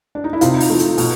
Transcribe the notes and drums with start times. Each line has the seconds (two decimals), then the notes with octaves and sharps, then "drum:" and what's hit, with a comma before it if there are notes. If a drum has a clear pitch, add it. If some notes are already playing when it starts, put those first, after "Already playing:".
0.15 D4
0.24 D#4
0.33 E4
0.41 C3 D#4 F4, drum: hi-hat
0.60 drum: open hi-hat
0.70 F3 A3
0.79 drum: hi-hat
0.98 B2, drum: open hi-hat